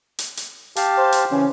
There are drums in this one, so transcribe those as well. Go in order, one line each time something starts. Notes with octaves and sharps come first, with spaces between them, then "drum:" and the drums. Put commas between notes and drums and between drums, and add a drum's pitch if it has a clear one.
drum: hi-hat
drum: hi-hat
G4 F5 A5, drum: hi-hat
C5
drum: hi-hat
C#3 E3 C#4